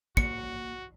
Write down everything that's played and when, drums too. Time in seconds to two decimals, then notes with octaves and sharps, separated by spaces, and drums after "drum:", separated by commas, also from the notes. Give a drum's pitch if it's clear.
0.17 A#3 F#4 C#7, drum: kick